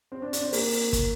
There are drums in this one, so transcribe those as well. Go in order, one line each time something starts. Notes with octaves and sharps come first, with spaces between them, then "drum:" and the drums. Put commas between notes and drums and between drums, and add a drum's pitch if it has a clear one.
C4
D4
D4, drum: hi-hat
C4
A#3, drum: open hi-hat
drum: open hi-hat
drum: kick, hi-hat